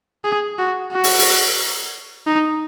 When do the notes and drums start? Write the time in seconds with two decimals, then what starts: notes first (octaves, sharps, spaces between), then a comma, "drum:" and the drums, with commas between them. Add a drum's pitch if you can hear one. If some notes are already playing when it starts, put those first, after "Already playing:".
0.24 G#4
0.58 F#4
0.92 F#4
1.04 drum: open hi-hat
1.19 drum: open hi-hat
2.26 D#4